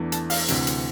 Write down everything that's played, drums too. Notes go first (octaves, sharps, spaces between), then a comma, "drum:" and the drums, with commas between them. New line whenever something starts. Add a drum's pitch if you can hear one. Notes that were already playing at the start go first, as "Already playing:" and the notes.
Already playing: E2 E3 A3 D4
A5, drum: hi-hat
F5, drum: open hi-hat
D2 C3 E3, drum: hi-hat
drum: hi-hat